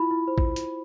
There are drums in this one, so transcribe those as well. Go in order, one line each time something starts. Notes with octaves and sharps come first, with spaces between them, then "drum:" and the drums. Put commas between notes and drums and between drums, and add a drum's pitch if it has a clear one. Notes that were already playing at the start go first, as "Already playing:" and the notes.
Already playing: E4 F4 B5
E4
C5
drum: kick
drum: hi-hat